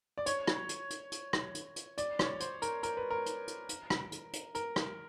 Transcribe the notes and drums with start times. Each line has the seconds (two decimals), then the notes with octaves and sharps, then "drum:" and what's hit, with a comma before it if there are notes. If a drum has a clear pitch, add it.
0.18 D5
0.26 C#5, drum: hi-hat
0.47 drum: rim click
0.69 drum: hi-hat
0.90 drum: hi-hat
1.12 drum: hi-hat
1.33 drum: rim click
1.55 drum: hi-hat
1.76 drum: hi-hat
1.98 D5, drum: hi-hat
2.19 C#5, drum: rim click
2.40 C5, drum: hi-hat
2.62 A#4, drum: hi-hat
2.83 A#4, drum: hi-hat
2.97 B4
3.11 A#4
3.26 drum: hi-hat
3.48 drum: hi-hat
3.69 drum: hi-hat
3.90 drum: rim click
4.12 drum: hi-hat
4.33 drum: hi-hat
4.55 A#4, drum: hi-hat
4.76 drum: rim click